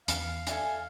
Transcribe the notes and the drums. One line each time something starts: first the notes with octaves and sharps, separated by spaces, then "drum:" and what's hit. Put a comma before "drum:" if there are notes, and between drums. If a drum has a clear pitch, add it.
E2 F5, drum: hi-hat
A4 E5 G#5, drum: hi-hat